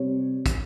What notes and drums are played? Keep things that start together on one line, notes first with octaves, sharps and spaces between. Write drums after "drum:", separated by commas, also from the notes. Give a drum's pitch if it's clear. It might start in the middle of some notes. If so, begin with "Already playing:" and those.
Already playing: C3 G3 C4 C#5
drum: kick, hi-hat